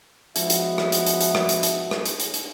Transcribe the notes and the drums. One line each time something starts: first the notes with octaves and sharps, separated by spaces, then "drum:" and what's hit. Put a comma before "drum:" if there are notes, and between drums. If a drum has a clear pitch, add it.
F3 G#3 B3 F#4 E5, drum: hi-hat
drum: hi-hat
drum: rim click
drum: hi-hat
drum: hi-hat
drum: hi-hat
drum: rim click
drum: hi-hat
drum: hi-hat
drum: rim click
drum: hi-hat
drum: hi-hat
drum: hi-hat